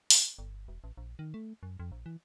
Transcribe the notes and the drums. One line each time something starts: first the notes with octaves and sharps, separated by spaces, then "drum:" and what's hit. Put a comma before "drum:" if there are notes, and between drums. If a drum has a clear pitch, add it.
drum: open hi-hat
G1
E1
A1
A#1
D#3
A3
F#2
F2
A#1
E3